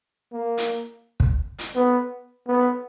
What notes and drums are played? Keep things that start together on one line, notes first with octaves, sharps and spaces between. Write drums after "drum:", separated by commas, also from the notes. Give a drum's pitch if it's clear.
A#3
drum: hi-hat
drum: kick
drum: hi-hat
B3
B3